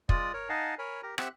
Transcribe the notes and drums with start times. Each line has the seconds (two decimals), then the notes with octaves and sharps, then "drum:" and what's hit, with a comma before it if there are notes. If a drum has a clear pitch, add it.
0.09 G#3 F4 D5 D#6, drum: kick
0.33 A#4 C#5
0.49 D#4 D#5 F5 F#5 G#5 A5
0.79 A#4 C#5 G#5 B5
1.03 G4 A#4 A#5
1.18 C4 G4 E5 F#5 E6 F#6, drum: rim click